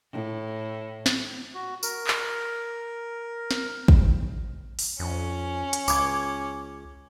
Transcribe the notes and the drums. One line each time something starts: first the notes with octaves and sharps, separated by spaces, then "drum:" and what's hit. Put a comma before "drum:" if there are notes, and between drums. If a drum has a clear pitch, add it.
A2
drum: snare
F#4
A#4, drum: tambourine
drum: clap
drum: snare
drum: kick
drum: open hi-hat
F2 C#4
drum: hi-hat
C#2 D6 G#6, drum: tambourine